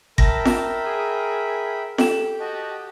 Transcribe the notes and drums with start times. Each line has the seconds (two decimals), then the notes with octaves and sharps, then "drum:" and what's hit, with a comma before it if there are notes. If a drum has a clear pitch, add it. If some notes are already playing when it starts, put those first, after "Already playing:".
0.18 A#4 E5 G5 A5 B5 A#6, drum: kick G1
0.45 drum: snare
0.83 G#4
1.98 G4 A4 G5 E7, drum: snare
2.40 F#4 D#5 A5